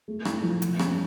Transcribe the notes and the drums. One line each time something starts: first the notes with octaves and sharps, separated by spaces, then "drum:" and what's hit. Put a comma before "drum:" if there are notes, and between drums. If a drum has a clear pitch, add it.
A3
E4, drum: rim click
F3
F3, drum: hi-hat
C#4, drum: rim click